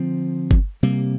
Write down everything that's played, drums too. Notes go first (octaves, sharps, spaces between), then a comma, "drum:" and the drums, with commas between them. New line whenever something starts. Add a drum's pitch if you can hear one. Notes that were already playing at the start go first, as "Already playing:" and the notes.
Already playing: D3 F3 C4
drum: kick G1
C3 G3 A#3